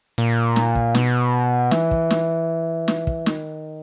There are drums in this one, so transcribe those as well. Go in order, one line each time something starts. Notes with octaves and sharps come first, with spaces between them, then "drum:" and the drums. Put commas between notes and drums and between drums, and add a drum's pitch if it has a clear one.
A#2
drum: snare
drum: kick
B2, drum: snare
E3, drum: snare
drum: kick
drum: snare
drum: snare
drum: kick
D#3, drum: snare